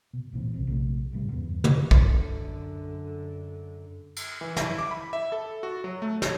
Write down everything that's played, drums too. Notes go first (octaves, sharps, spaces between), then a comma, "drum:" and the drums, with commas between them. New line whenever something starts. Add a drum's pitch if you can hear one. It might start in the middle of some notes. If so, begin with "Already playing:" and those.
B2
C#2 A#2 E3 C4
A#1 C3 C4
A#1 C3 F3 A3
D1 A2 C#3 G3
E2 G2 B2 B3
drum: tom
F#2 D3, drum: kick
drum: cymbal
E3
E4, drum: snare
D6
B5
E5
A4
F#4
F#3
A3
C#5, drum: snare